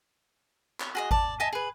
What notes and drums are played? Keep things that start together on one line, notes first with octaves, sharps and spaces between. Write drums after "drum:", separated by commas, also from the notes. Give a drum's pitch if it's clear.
C#5, drum: clap
F#4 G#4 D#5
D5 A5, drum: kick G#1
D#5 E5 G#5 A5
G#4 B4